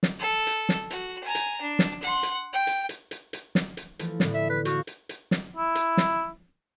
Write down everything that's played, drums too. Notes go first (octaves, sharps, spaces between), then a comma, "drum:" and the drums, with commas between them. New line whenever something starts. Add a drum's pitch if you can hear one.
drum: snare
A4
drum: hi-hat
drum: snare
F#4, drum: hi-hat
G#5 A#5
drum: hi-hat
D4
drum: snare
F#5 C6, drum: hi-hat
drum: hi-hat
G5
drum: hi-hat
drum: hi-hat
drum: hi-hat
drum: hi-hat
drum: snare
drum: hi-hat
E3 F3 A3, drum: hi-hat
A2 D3 B3, drum: snare
E5
B4
F#4 F5 E6 G6, drum: hi-hat
drum: hi-hat
drum: hi-hat
drum: snare
E4
drum: hi-hat
drum: snare